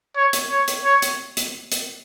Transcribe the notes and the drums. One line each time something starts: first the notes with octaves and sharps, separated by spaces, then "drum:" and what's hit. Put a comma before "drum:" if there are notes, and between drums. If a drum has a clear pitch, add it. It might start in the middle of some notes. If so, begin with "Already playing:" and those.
C#5
drum: hi-hat
C#5
drum: hi-hat
C#5
drum: hi-hat
drum: hi-hat
drum: hi-hat